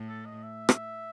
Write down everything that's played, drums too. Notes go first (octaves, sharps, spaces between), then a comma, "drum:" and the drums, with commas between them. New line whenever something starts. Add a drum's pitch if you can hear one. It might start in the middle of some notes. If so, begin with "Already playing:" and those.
Already playing: A2
A4
D#5
E5
drum: rim click